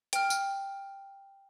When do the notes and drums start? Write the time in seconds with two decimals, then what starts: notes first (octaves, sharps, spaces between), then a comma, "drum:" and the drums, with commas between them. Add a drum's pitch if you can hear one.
0.13 G5 F6, drum: hi-hat
0.30 drum: tambourine